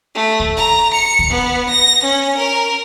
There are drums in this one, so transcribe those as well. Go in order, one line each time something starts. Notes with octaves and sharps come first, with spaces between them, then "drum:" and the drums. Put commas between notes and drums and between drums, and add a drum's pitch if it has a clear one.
A3
drum: kick
A#5
C#7
drum: kick
B3
A#6
C#4
A#4